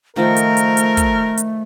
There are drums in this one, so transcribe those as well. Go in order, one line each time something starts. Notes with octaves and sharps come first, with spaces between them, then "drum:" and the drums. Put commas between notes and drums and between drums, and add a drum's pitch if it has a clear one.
D#3 F3 A3 D#4 A#4
drum: hi-hat
drum: hi-hat
drum: hi-hat
drum: kick, hi-hat
drum: hi-hat